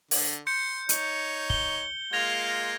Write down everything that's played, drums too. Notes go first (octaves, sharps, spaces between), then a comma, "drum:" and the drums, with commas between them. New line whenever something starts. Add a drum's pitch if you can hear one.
D3, drum: open hi-hat
C6 G6 C#7
D#4 C#5, drum: hi-hat
G7, drum: kick
G#3 A#3 F4 G#6 A#6 F7